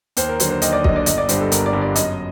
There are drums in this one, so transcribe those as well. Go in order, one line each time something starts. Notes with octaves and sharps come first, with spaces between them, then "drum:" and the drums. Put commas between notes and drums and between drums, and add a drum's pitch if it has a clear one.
D#2 C5, drum: hi-hat
A#4
D3 F#3 C5, drum: hi-hat
C5
D#2 D#5, drum: hi-hat
D5
D3 F#3 D#5, drum: kick
D5
G1 D#5, drum: hi-hat
D5
G2 D3 G3 C5, drum: hi-hat
A4
G1 A#4, drum: hi-hat
D5
G2 D3 G3
D5
F#2 D#5, drum: hi-hat